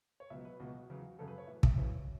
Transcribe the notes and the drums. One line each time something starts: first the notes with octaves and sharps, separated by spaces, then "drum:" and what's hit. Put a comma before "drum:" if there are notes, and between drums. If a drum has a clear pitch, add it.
C#5
C#2 B2 F#3 E5
B4
C#2 B2 F#3 F#4
E2 C#3 F#3
F#2 C#3 F#3 A4
B4
C#5
A2 E3 E5
E5, drum: kick
F#2 C#3 E3 C#5